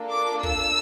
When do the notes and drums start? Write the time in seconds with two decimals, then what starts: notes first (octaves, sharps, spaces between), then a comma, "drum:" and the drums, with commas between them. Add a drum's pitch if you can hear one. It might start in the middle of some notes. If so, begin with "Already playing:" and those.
Already playing: A#3 D4 F4 A4
0.12 D6
0.43 E6, drum: kick